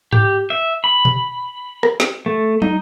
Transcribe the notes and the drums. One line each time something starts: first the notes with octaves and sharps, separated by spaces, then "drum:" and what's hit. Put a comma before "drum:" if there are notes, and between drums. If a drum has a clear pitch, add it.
G4, drum: tom G#2
E5
B5
drum: tom B2
drum: rim click
drum: snare
A3
D#4, drum: tom